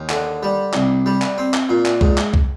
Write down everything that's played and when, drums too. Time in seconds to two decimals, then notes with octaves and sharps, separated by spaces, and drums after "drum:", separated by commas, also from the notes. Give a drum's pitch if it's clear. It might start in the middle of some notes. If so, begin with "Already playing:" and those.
Already playing: D#2
0.10 D3, drum: clap
0.43 G3
0.73 C2, drum: clap
1.06 G3
1.22 drum: clap
1.38 C4
1.54 drum: clap
1.69 A#2
1.86 drum: clap
2.01 G#2, drum: kick C2
2.18 drum: clap
2.34 drum: kick C2